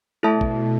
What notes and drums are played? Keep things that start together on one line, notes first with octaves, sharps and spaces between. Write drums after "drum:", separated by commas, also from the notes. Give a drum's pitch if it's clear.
B2 A3 E4 A4 E5 A5
drum: kick A1